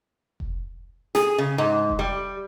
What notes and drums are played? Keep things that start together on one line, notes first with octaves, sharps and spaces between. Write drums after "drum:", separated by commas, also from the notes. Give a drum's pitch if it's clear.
drum: kick F1
G#4, drum: snare
C#3
G#2
drum: kick F1
G3